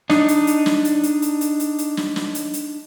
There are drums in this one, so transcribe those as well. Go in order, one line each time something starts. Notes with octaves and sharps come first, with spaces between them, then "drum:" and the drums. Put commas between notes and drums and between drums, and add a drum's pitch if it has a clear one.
D4 D#4, drum: snare
drum: hi-hat
drum: hi-hat
drum: snare
drum: hi-hat
drum: hi-hat
drum: hi-hat
drum: hi-hat
drum: hi-hat
drum: hi-hat
drum: snare
drum: snare
drum: hi-hat
drum: hi-hat